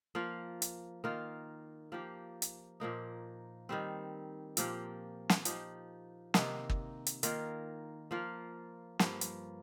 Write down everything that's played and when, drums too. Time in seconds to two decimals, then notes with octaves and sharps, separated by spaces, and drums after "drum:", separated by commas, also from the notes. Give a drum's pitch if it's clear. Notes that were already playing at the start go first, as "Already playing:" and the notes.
0.15 F3 A#3 F4
0.62 drum: hi-hat
1.04 D#3 A#3 F4
1.92 F3 A#3 G4
2.42 drum: hi-hat
2.80 A#2 F3 A#3 D#4
3.69 D#3 G3 C4
4.57 A#2 F3 A#3 G4, drum: hi-hat
5.29 drum: snare
5.45 F3 D#4 G4, drum: hi-hat
6.34 C3 D#3 A#3 D#4, drum: snare
6.70 drum: kick
7.06 drum: hi-hat
7.23 D#3 A#3 F4, drum: hi-hat
8.11 F3 A#3 F4
8.99 G2 F3 A#3, drum: snare
9.21 drum: hi-hat